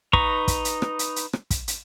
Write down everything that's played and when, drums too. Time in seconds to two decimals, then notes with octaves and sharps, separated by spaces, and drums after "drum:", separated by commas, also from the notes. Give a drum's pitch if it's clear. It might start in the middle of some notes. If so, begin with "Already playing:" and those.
0.13 D#4 B4 A#5 C#6, drum: kick
0.48 drum: kick, hi-hat
0.65 drum: hi-hat
0.82 drum: rim click
0.99 drum: hi-hat
1.16 drum: hi-hat
1.33 drum: rim click
1.50 drum: kick, hi-hat
1.68 drum: hi-hat